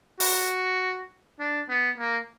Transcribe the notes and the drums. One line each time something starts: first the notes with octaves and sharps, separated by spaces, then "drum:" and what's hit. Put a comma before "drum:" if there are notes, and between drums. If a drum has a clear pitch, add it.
F#4, drum: open hi-hat
D4
B3
A#3